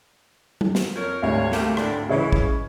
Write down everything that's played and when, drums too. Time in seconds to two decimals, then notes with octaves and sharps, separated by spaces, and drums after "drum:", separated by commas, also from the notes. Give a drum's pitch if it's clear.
0.61 drum: tom F#3
0.75 drum: snare
0.95 F2 A#4 C#5
1.22 G#1 D2 G3 C#5 F5
1.52 A3 A#3 G4, drum: snare
1.77 A2 D4, drum: rim click
2.09 C#3 E3 C#5 D#5
2.33 drum: kick